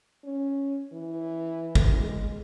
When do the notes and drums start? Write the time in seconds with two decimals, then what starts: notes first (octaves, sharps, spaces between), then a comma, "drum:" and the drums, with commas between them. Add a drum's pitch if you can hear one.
0.24 C#4
0.93 E3
1.75 drum: kick
1.97 G#3